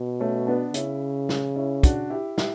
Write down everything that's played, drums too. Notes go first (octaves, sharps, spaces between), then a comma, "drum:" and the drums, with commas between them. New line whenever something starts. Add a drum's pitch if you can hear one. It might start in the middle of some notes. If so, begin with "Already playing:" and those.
Already playing: B2
A3 C#4
B3 D4
C#3 C#4 E4, drum: hi-hat
drum: snare
C#4 E4
D4 F#4, drum: kick, hi-hat
E4 G4
E4 G4, drum: snare